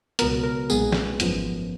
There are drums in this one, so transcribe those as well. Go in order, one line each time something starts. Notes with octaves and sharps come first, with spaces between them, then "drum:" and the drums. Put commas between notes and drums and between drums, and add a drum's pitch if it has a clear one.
C#2 B2 F#3 B3 A#4, drum: hi-hat
A#4
B1 A#2 G#3 B3 G#4, drum: tambourine
drum: snare
G#1 F#2 F3 B3, drum: hi-hat